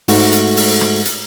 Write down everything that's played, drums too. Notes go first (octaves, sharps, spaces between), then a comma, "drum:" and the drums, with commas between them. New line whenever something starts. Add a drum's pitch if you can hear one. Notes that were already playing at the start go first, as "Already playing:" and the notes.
G#2 A3 F#4, drum: open hi-hat
drum: hi-hat
drum: open hi-hat
drum: rim click
drum: hi-hat